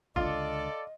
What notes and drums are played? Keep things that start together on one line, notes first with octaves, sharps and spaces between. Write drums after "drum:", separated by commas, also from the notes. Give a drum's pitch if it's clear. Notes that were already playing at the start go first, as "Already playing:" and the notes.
C#2 D3 F4 A4 D5 D#5, drum: kick